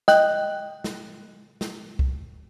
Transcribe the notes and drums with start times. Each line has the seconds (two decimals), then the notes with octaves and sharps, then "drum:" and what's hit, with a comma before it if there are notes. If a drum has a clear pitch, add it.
0.08 D#5 G5 F#6, drum: snare
0.84 drum: snare
1.61 drum: snare
1.99 drum: kick C2